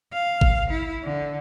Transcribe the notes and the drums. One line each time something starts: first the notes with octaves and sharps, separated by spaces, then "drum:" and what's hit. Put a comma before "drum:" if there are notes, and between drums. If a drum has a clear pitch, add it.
F5
drum: kick G#1
E4
D3